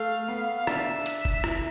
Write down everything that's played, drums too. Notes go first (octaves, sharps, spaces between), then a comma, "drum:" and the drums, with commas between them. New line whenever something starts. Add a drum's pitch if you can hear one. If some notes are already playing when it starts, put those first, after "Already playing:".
Already playing: A3 F5
B3
F5
D4 E5, drum: rim click
drum: hi-hat
drum: kick F#1
E4, drum: rim click